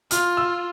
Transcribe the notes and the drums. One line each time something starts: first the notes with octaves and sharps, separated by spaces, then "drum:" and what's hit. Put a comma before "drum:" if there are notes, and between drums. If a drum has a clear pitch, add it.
F4 F6, drum: hi-hat
E6